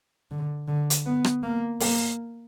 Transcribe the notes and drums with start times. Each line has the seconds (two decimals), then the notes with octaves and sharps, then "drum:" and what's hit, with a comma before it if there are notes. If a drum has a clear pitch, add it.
0.31 D3
0.68 D3
0.90 drum: hi-hat
1.06 B3
1.24 drum: rim click
1.43 A#3
1.80 A#3, drum: open hi-hat